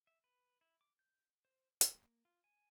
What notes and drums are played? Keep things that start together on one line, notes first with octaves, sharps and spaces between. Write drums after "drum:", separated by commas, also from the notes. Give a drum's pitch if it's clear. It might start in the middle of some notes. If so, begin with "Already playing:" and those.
E5
B4
E4
D6
G6
C5
A#3, drum: hi-hat
F4
G#5